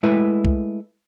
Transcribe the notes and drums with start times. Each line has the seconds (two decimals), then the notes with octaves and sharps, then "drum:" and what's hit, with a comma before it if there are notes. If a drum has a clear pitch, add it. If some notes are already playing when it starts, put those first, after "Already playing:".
0.03 G#3 A3 E4 B4 E5
0.45 drum: kick